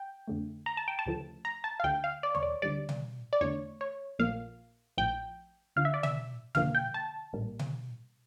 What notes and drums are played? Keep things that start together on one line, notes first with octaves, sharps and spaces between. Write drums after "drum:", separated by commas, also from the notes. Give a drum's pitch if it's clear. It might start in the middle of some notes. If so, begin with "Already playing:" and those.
Already playing: G5
F2 D3 A3
A#5
A5
G5
A5
D2 C#3 F3 A3
A#5
A5
F5
D2 D3 A3 G5
F5
D5
C#5, drum: tom D#2
D5
D2 D3 G3 D5
drum: tom B2
D5
E2 D3 A3 C#5
C#5
A#1 A#2 F3 A#3 F5
A#1 A2 F3 G5
D2 D3 F3 F5
E5
D5
E5, drum: tom B2
G1 F2 D3 F3 A#3 F5, drum: tom B2
G5
A5
A#1 A2 G3 A#3
drum: tom B2